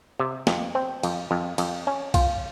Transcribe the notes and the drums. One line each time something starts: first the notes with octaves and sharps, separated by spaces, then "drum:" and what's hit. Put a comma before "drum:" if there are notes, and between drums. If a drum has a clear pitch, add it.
C3
F2, drum: snare
C4
F2, drum: cymbal
F2
F2, drum: cymbal
C#4
F4, drum: kick, cymbal